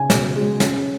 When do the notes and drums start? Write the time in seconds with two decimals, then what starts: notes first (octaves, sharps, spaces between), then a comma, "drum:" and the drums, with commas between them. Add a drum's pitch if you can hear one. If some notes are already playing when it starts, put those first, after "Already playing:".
Already playing: C#3 G#5
0.10 B2, drum: snare
0.36 G#3
0.60 C#4, drum: snare